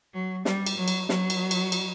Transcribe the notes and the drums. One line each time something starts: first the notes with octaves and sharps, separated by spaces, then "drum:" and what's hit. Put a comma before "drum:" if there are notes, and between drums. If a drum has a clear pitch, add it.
F#3
G3, drum: snare
drum: cymbal
F#3
drum: cymbal
F#3, drum: snare
drum: cymbal
drum: cymbal
drum: cymbal